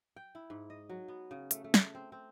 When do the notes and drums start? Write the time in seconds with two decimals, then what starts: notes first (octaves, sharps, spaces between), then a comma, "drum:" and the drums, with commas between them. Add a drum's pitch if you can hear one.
0.16 G5
0.35 E4
0.50 G#2
0.70 D#5
0.89 F#3
1.08 B3
1.31 C#3
1.51 A3, drum: hi-hat
1.64 A3
1.74 drum: snare
1.95 C4
2.12 C4